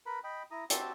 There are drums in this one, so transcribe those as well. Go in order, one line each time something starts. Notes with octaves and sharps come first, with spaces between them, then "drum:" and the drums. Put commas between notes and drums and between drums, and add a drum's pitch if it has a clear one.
A#4 B4 B5
D#5 G5 B5
E4 A#5 D#6
C4 F#4 G4 A5 E6, drum: hi-hat